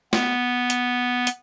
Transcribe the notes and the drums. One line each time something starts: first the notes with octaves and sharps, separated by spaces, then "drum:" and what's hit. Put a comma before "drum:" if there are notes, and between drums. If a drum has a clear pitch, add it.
B3, drum: snare
drum: hi-hat
drum: hi-hat